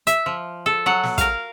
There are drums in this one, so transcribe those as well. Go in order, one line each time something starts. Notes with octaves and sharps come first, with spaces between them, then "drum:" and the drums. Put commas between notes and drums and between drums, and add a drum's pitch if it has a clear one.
E5, drum: hi-hat
F3
A4
F#3 F#5
drum: snare
A#4 F5, drum: kick, hi-hat